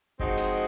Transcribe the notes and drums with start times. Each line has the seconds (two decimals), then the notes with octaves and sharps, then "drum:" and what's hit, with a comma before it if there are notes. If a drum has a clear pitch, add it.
0.20 F3 G#3 C4 D#4 F#4, drum: kick F#1
0.37 drum: snare